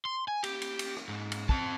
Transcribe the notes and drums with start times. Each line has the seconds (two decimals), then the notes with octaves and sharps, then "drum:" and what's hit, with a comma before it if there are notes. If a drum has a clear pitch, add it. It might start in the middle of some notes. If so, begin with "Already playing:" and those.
0.05 C6
0.28 G#5
0.44 G4, drum: cymbal
0.62 drum: cymbal
0.79 drum: cymbal
0.97 drum: rim click
1.09 G#2
1.32 drum: cymbal
1.49 C4 A5, drum: kick